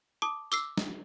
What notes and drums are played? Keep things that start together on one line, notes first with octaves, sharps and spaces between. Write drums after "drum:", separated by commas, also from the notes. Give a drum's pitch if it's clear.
A5 D6 D#6
D6 E6 C7, drum: tambourine
drum: snare